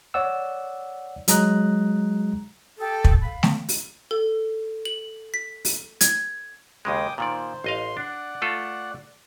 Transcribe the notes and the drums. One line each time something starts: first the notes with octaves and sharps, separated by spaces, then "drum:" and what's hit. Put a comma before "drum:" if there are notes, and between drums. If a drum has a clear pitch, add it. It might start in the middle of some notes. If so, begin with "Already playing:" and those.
C#5 D5 F#5 E6
F#3 G#3 A#5 D#6 F#6, drum: hi-hat
G4 A4 D#6
drum: kick
F5 B5
drum: snare A3
drum: open hi-hat
A4
F#7
B6
drum: open hi-hat
G#6, drum: hi-hat
D#2 C#3 G#3 G5 D6 D#6
A#2 D#3 C5 D5
A1 D#5 F5 C6
D4 D5 F#5
A3 F4 A4